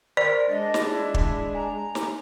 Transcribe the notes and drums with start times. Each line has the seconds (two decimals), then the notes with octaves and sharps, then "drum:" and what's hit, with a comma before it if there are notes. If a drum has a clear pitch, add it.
0.17 A#4 C5 D5
0.49 G#3 D4 D#5 A6
0.74 drum: snare
0.90 E4
1.14 drum: kick
1.55 G#5 A#5
1.95 drum: snare